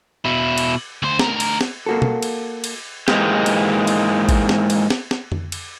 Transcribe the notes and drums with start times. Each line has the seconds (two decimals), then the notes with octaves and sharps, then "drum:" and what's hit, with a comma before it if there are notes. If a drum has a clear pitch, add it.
0.25 B2 E4
0.58 drum: cymbal
1.03 D2 C5
1.19 D2 A#4, drum: snare
1.40 drum: cymbal
1.61 drum: snare
1.86 A#3 F#4 A4
2.02 drum: tom B2
2.23 drum: cymbal
2.64 drum: cymbal
3.08 G#2 E3 G#3 A#3 G4, drum: snare
3.46 drum: cymbal
3.87 drum: cymbal
4.29 drum: kick A1, cymbal
4.49 drum: snare
4.70 drum: cymbal
4.90 drum: snare
5.11 drum: snare
5.32 drum: tom F2
5.52 drum: cymbal